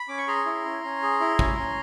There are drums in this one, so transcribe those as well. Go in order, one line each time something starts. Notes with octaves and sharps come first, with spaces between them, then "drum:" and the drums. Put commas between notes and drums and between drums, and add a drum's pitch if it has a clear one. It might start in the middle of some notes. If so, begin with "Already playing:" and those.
Already playing: B5
C#4 D6
C#6
G#4 A#5 C6
E4
C#4
C#4
G#4
E4
C#4, drum: kick G#1
C#4